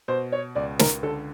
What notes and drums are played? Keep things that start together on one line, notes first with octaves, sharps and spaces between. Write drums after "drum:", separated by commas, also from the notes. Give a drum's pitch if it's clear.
B2 C5
C#5
C#2 D5
A#4, drum: snare
D3 A4